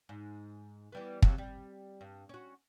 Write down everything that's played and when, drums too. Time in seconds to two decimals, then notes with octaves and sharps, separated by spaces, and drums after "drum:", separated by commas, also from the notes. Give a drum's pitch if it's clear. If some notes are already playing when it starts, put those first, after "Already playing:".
0.09 G#2
0.92 E3 G3 B3
1.22 F2 C3 F#3, drum: kick
1.38 G3
2.01 G2
2.29 C#4 F#4